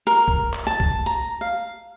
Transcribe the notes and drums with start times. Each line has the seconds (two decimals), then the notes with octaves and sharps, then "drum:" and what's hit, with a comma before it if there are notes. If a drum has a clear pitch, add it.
0.07 A#4
0.28 drum: kick B1
0.54 drum: clap
0.67 A5
0.80 drum: kick B1
1.06 A#5
1.41 F5